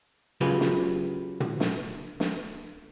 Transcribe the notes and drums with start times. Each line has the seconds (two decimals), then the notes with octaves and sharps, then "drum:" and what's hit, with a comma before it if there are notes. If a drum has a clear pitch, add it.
0.41 C#3 F#3 F4 G4 B4
0.61 drum: snare
1.40 drum: tom
1.60 drum: snare
2.20 drum: snare